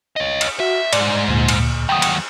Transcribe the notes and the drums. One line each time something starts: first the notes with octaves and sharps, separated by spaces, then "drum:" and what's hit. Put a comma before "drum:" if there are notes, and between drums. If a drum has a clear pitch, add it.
C#5 D#5
drum: cymbal
F#4 E5
G#2 G#3 D5, drum: cymbal
D2 A#2
drum: cymbal
D#2 F#3 G5 D#6
drum: cymbal